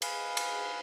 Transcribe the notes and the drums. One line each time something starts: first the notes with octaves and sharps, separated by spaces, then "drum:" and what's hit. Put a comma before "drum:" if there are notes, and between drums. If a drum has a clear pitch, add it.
G#4 B4 F5, drum: cymbal
drum: cymbal